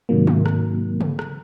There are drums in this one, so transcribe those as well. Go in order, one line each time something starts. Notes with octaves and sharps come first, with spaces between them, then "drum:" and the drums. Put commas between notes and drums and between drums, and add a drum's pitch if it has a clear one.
G#2 C3 D#3 F#3 A#3
drum: tom G#3
drum: rim click
drum: tom C#3
drum: rim click